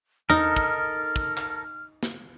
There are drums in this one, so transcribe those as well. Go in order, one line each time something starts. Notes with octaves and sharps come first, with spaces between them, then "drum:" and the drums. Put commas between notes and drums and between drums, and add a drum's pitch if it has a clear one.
D#4 A4 A#4 F6, drum: tom E2
drum: kick
drum: kick
drum: clap
drum: snare